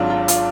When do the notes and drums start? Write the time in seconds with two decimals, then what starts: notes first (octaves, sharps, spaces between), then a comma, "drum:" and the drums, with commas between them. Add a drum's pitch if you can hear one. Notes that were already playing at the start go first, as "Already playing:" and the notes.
Already playing: G#1 G#2 F#3 D4 F4
0.10 F4
0.28 F4, drum: hi-hat